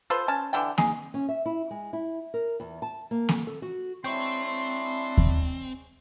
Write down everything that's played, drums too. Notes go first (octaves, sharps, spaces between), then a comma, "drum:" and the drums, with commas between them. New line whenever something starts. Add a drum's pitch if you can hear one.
F4 A4 B4 C5
C#4 A5
D3 E3 G5
D#4 G#4, drum: snare A#3
C#4
E5
E4
G#3
E4
A#4
E2
A5
A#3
A4, drum: snare A#3
A4
F#4
G#3 C4 D4 E4 C#5 G5 C6
drum: kick D#2